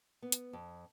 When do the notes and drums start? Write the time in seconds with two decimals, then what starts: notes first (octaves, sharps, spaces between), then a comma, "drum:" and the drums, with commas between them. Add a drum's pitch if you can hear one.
0.22 B3
0.32 drum: hi-hat
0.53 F2